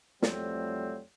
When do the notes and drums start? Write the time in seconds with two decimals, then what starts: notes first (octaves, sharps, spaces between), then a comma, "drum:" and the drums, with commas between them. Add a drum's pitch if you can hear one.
0.22 F2 A2 F#3 G3 A3 C4, drum: snare